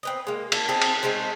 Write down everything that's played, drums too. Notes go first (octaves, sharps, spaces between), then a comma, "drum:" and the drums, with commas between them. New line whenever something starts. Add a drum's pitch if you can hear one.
C4 B4 D#5
G#3 A#3
A#3 A4, drum: cymbal
C4 D#4 G#4 A4
drum: cymbal
G#3 A3 C4 D#4